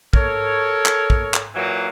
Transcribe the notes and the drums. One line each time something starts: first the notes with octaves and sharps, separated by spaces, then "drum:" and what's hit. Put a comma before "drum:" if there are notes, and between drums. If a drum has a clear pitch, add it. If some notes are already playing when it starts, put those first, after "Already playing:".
A4 A#4 C#5, drum: kick
drum: clap
drum: kick
drum: clap
A#2 E3 F#3 A#3